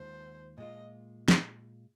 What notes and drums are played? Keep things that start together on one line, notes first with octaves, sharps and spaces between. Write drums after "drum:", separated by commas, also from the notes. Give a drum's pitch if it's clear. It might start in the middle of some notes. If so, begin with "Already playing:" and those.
Already playing: D#2 D#3 G#3 F4 C5
A#2 G#3 F4 D#5
drum: snare